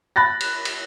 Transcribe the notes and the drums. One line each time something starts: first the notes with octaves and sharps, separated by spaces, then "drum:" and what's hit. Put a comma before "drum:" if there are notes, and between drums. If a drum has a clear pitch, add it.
B5 F#6 A6 A#6
drum: cymbal
drum: cymbal